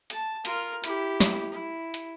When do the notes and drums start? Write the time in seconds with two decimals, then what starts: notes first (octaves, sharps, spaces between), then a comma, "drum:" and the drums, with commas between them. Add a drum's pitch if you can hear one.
0.10 A5, drum: hi-hat
0.45 F4 A#4, drum: hi-hat
0.84 E4 G4, drum: hi-hat
1.20 drum: snare
1.52 E4
1.94 drum: hi-hat